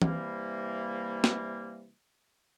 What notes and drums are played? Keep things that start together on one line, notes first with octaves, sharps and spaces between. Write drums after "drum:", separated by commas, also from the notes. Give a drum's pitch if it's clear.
C3 E3 G3 A#3, drum: tom E3
drum: snare